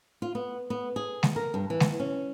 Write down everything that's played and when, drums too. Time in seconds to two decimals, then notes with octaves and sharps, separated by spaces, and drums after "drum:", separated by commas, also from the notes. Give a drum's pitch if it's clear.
0.22 F4
0.35 B3
0.70 B3
0.96 G#4
1.23 drum: snare G#3
1.36 A#4
1.54 G2
1.70 E3
1.80 drum: snare G#3
2.00 C#4